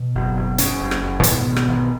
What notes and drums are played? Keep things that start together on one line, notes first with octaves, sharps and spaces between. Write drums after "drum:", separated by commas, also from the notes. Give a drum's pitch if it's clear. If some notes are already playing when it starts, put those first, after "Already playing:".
Already playing: B2 B3
F#1
F#1
F#1 C#3 C#4, drum: hi-hat
F#1
drum: rim click
F#1
G#2 B2 B3, drum: hi-hat
G#1
drum: rim click
G#1